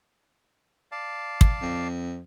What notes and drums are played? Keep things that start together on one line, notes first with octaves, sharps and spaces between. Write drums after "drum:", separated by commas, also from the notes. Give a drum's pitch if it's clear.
D5 F5 A5
drum: kick
F2